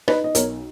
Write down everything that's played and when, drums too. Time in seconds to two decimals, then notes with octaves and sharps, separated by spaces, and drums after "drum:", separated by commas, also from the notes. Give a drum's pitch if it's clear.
0.08 D#4 B4 D#5, drum: rim click
0.24 D#5
0.35 B1 A#4 C#5, drum: hi-hat